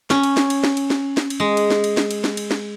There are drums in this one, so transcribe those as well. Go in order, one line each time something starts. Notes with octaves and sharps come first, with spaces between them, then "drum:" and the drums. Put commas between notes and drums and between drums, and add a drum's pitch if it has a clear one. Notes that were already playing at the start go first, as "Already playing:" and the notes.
C#4, drum: snare
drum: cymbal
drum: snare
drum: cymbal
drum: snare
drum: cymbal
drum: snare
drum: snare
drum: cymbal
G#3
drum: cymbal
drum: snare
drum: cymbal
drum: snare
drum: cymbal
drum: snare
drum: cymbal
drum: snare